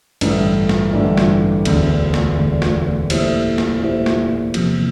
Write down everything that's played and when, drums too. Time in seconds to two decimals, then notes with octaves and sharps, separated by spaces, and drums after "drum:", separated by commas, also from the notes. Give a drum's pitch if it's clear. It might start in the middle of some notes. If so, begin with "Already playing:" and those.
0.21 A1 G2 D3 A3, drum: cymbal
0.69 drum: snare
0.93 A1 G2 D3 A3
1.17 drum: snare
1.65 E1 D2 D3, drum: cymbal
2.14 drum: snare
2.38 E1 D2 D3
2.62 drum: snare
3.10 A#2 A3 E4 G4 C5, drum: cymbal
3.58 drum: snare
3.82 A#2 A3 E4 G4 C5
4.06 drum: snare
4.54 E2 C3 F3 A#3, drum: cymbal